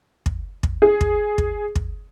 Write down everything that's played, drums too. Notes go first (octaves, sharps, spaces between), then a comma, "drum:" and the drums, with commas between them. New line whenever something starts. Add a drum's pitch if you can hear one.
drum: kick
drum: kick
G#4
drum: kick
drum: kick
drum: kick